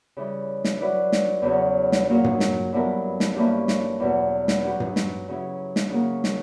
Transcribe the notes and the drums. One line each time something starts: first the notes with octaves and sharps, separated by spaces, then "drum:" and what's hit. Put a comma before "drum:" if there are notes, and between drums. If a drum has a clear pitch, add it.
C#3 E3 G3
drum: snare
F#3 C#4 E4 B4 D5
drum: snare
E2 C#3 F#3 C#4
drum: snare
A#2 F#3 A#3 C#4
drum: tom G2
drum: snare
G2 F#3 B3 E4 A#4
drum: snare
G2 E3 A#3 C#4
drum: snare
E2 B2 F#3
drum: snare
F#3 C#4 G4 B4
drum: tom G2
drum: snare
C#3 F#3 C#4 E4
drum: snare
C#3 F#3 A#3 C#4
drum: snare